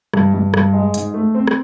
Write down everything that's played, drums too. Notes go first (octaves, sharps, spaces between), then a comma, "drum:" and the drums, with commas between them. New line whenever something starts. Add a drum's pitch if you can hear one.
G2, drum: rim click
G2
G2, drum: rim click
G#3
G#2, drum: hi-hat
A3
C4
drum: rim click